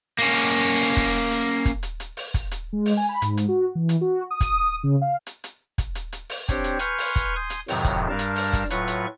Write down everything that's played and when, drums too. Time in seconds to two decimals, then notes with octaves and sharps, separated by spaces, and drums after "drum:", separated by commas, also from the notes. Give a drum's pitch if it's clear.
0.19 A#3 C#4
0.62 drum: hi-hat
0.80 drum: open hi-hat
0.97 drum: kick, hi-hat
1.31 drum: hi-hat
1.65 drum: kick, hi-hat
1.83 drum: hi-hat
2.00 drum: hi-hat
2.17 drum: open hi-hat
2.34 drum: kick, hi-hat
2.51 drum: hi-hat
2.73 G#3
2.86 drum: open hi-hat
2.97 G#5
3.09 B5
3.22 G#2, drum: hi-hat
3.37 drum: hi-hat
3.48 F#4
3.75 E3
3.89 drum: hi-hat
4.01 F#4
4.31 D#6
4.41 drum: kick, hi-hat
4.62 D#6
4.83 C#3
5.02 F5
5.27 drum: hi-hat
5.44 drum: hi-hat
5.78 drum: kick, hi-hat
5.95 drum: hi-hat
6.12 drum: hi-hat
6.30 drum: open hi-hat
6.49 C4 D4 G4 C5 C#5, drum: kick, hi-hat
6.64 drum: hi-hat
6.79 B4 G#5 C6 C#6 F6 G6, drum: hi-hat
6.98 drum: open hi-hat
7.16 drum: kick, hi-hat
7.36 G#5 C6 D#6 G6
7.50 drum: hi-hat
7.68 F2 A2 C3 D#3 F#3, drum: open hi-hat
7.84 drum: kick, hi-hat
8.09 G2 G3 D4 A#4 F5 A5
8.19 drum: hi-hat
8.36 drum: open hi-hat
8.53 drum: kick, hi-hat
8.70 A2 F#3 F4 B4 C#6, drum: hi-hat
8.88 drum: hi-hat